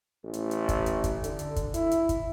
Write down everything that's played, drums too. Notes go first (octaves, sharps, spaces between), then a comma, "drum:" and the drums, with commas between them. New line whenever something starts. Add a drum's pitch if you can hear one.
A1
drum: hi-hat
drum: hi-hat
drum: kick, hi-hat
drum: hi-hat
drum: kick, hi-hat
D3, drum: hi-hat
drum: hi-hat
drum: kick, hi-hat
E4, drum: hi-hat
drum: hi-hat
drum: kick, hi-hat